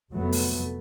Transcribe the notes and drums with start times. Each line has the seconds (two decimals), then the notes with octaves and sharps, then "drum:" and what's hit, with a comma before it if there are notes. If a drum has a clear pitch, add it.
0.13 F1 F#3 A3 B3
0.32 drum: open hi-hat